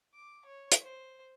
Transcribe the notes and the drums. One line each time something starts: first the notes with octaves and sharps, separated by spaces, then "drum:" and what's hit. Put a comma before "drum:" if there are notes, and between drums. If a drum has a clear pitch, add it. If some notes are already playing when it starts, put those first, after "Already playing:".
D6
C#5
drum: hi-hat
C5